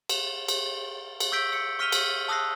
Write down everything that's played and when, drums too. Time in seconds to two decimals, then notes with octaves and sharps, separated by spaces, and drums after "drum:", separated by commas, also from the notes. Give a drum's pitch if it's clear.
0.09 E7 F7, drum: cymbal
0.48 drum: cymbal
1.20 drum: cymbal
1.32 C#6 E6 G6 B6 D7
1.52 E6 C#7
1.79 C#6 F6 B6 D#7 F7 G7
1.92 drum: cymbal
2.28 A5 D#6 E6 F#6 A#6 C7